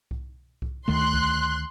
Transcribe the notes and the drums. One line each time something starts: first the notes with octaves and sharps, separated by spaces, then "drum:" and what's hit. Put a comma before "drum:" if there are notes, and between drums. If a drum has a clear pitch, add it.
drum: kick C2
drum: kick C2
D2 D#3 A3 C6 F#6
drum: kick C2